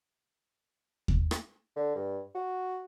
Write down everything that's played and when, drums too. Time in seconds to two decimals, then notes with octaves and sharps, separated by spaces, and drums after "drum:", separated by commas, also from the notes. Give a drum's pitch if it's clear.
1.08 drum: kick D#2
1.31 drum: rim click
1.76 D3
1.95 G2
2.35 F#4